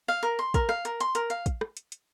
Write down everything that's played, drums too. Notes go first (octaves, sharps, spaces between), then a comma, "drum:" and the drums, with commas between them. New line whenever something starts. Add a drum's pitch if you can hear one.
F5
A#4
C6
A#4, drum: kick, hi-hat
F5, drum: rim click
A#4, drum: hi-hat
C6, drum: hi-hat
A#4, drum: hi-hat
F5, drum: hi-hat
drum: kick, hi-hat
drum: rim click
drum: hi-hat
drum: hi-hat